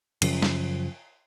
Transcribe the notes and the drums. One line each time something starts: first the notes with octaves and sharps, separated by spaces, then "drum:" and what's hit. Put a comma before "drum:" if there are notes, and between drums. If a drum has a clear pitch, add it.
F#2 C#3 F3, drum: cymbal
drum: snare